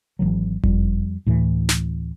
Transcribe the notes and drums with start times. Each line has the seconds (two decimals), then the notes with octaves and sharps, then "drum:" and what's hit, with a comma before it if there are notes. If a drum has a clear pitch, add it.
0.19 G#1 C#2 E3 F#3
0.64 F2 G3, drum: kick F#1
1.26 D2 A2 E3
1.69 drum: snare